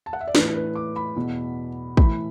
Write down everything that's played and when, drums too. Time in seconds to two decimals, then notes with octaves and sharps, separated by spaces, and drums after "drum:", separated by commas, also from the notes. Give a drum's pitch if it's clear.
0.06 A5
0.13 F#5
0.20 E5
0.27 D5
0.35 A2 E3 B4, drum: snare
0.55 B4
0.75 D6
0.96 B5
1.16 E2 B2
1.97 A2 E3 B5, drum: kick